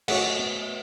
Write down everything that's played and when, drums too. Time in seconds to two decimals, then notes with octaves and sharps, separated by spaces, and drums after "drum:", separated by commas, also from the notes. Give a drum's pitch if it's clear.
0.08 A3 F#4 C#5 F#5, drum: cymbal
0.39 B3